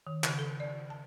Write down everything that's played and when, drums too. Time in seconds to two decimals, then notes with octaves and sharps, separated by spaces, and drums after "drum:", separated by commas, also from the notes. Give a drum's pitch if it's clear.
0.07 D#3
0.24 C#3, drum: clap
0.39 A4
0.60 D5
0.90 A5